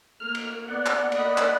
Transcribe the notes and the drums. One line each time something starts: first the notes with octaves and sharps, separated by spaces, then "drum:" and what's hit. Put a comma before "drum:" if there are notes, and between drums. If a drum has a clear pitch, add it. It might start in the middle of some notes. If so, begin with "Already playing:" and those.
A#3 F6
drum: cymbal
B3 D5 F#5
drum: clap
A#3 D#5 B5, drum: cymbal
drum: clap